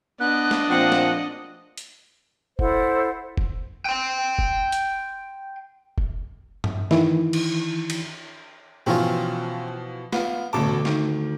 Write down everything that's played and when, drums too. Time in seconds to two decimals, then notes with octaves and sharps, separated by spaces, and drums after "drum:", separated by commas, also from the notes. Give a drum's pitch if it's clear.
0.20 B3 D4 D#5 F#6
0.51 drum: snare
0.70 A#2 F3 C4 F#5
0.92 drum: snare
1.78 drum: hi-hat
2.59 E4 A4 C5 F#5, drum: kick F1
3.37 drum: kick F1
3.85 G5 C6
4.39 drum: kick F1
4.72 drum: hi-hat
5.98 drum: kick F1
6.64 drum: tom G2
6.91 D#3 E3 E4, drum: snare
7.33 drum: cymbal
7.90 drum: cymbal
8.86 B2 E3 F3 C4 C#4 F4
10.13 B3 F4, drum: snare
10.53 A1 D2 B2 A5 D6
10.85 D#3, drum: snare